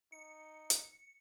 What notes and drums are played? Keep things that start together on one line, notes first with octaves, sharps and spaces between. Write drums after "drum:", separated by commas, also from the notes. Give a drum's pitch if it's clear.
D#4 C#7
drum: hi-hat